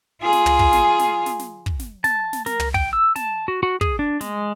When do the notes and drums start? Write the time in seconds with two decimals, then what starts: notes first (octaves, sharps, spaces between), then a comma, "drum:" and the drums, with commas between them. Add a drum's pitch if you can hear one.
0.22 F4 G#4
0.33 drum: snare
0.46 drum: tom
0.59 drum: kick
0.73 drum: snare
0.99 drum: snare
1.26 drum: snare
1.39 drum: snare
1.66 drum: kick
1.79 drum: snare
2.04 A5, drum: snare
2.33 drum: snare
2.46 A#4, drum: snare
2.60 drum: tom
2.74 G5, drum: kick
2.93 E6
3.16 A5, drum: snare
3.48 F#4
3.63 F#4
3.81 G#4, drum: kick
3.99 D4
4.21 G#3, drum: snare